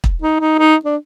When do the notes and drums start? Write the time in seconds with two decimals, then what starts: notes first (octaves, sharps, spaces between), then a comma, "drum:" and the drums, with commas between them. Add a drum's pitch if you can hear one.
0.04 drum: kick
0.22 D#4
0.40 D#4
0.59 D#4
0.85 D4